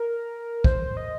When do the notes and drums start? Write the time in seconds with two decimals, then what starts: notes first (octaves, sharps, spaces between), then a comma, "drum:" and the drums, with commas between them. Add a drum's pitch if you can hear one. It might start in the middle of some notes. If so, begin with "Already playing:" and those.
Already playing: A#4
0.64 C5, drum: kick
0.97 D#5